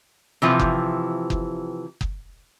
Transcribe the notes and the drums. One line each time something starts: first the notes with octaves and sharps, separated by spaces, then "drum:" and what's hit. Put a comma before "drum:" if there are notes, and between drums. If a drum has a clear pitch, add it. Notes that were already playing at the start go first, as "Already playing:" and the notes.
C3 E3 F3
drum: kick F#1
drum: kick F#1
drum: kick F#1